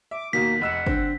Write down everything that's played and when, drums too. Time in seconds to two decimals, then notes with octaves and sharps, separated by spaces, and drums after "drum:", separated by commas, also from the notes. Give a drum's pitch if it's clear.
0.11 E5 D6
0.33 D#2 B2 D#3 A#3 F#4 B6
0.61 F1 D#5 F#5 E6 E7
0.87 C4 D4, drum: kick